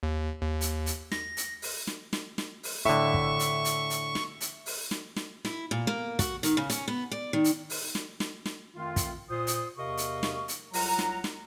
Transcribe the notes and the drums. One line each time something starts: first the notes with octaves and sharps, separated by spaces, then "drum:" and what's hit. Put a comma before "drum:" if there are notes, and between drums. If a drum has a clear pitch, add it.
D#2
D#2
drum: hi-hat
drum: hi-hat
A#6, drum: snare
drum: hi-hat
drum: open hi-hat
drum: snare
drum: snare
drum: snare
drum: open hi-hat
A2 D3 E5 C#6
drum: kick
drum: hi-hat
drum: hi-hat
drum: hi-hat
drum: snare
drum: hi-hat
drum: open hi-hat
drum: snare
drum: snare
E4, drum: snare
A#2
A#3
F#4, drum: kick, hi-hat
D#3, drum: hi-hat
C#3
C#4, drum: hi-hat
B3
D5
D#3
drum: hi-hat
drum: open hi-hat
drum: snare
drum: snare
drum: snare
F2 D#3 A3 C4 F4
drum: kick, hi-hat
A#2 F4 C5 D#6
drum: hi-hat
E2 C3 A#4 D#5 F5 C#6
drum: hi-hat
drum: snare
drum: hi-hat
C2 F#3 F4 F#5 A#5, drum: open hi-hat
drum: snare
drum: snare